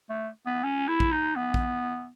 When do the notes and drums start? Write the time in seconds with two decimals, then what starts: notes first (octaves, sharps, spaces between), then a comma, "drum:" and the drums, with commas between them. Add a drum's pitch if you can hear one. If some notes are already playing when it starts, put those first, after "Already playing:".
0.10 A3
0.46 B3
0.64 C#4
0.88 E4
1.00 drum: kick
1.12 D#4
1.36 B3
1.54 drum: kick